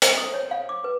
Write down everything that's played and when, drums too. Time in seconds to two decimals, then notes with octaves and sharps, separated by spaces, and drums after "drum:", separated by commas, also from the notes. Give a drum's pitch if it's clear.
0.02 C5, drum: hi-hat
0.18 D#6
0.34 C#5
0.51 F5
0.69 D6
0.84 B4